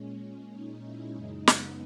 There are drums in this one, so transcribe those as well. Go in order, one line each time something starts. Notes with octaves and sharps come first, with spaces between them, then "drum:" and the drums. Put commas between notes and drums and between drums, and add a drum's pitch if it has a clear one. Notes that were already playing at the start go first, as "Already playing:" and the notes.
Already playing: A#2 G#3 C#4
D#4
E4
F#2 C#3 G#3 D#4
B3, drum: snare